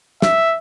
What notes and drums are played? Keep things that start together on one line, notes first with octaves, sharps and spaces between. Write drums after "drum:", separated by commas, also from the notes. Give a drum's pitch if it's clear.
E5, drum: snare